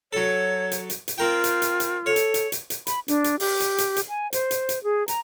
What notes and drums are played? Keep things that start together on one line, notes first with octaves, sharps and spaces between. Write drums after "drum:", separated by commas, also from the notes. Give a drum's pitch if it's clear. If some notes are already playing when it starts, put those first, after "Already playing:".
F#3 A4 C#5
drum: hi-hat
drum: hi-hat
drum: hi-hat
C4 F4 A#4 G5
drum: hi-hat
drum: hi-hat
drum: hi-hat
A4 C#5
drum: hi-hat
drum: hi-hat
drum: hi-hat
drum: hi-hat
B5, drum: hi-hat
D4, drum: hi-hat
drum: hi-hat
G4, drum: open hi-hat
drum: hi-hat
drum: hi-hat
drum: hi-hat
G#5
C5, drum: hi-hat
drum: hi-hat
drum: hi-hat
G#4
A#5, drum: hi-hat